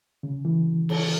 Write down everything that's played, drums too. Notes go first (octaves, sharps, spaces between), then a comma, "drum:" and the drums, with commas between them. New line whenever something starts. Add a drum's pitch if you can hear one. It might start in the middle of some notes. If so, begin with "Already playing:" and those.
C#3
E3
drum: cymbal